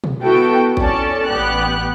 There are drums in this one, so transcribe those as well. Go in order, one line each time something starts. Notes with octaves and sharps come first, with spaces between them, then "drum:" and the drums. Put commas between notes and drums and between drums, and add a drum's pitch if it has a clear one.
drum: tom B2
B3 E4 F#4 A4 G5
C#4 A4 D5 A5, drum: kick A1
A1 B3 G4 F#6